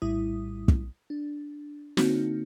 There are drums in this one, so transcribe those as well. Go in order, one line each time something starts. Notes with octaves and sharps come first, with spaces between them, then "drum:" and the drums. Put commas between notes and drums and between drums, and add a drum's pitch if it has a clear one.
A#1 A2 G3 E4 D#6
drum: kick
D4
D3 A#3 C4 D#4 F#4, drum: snare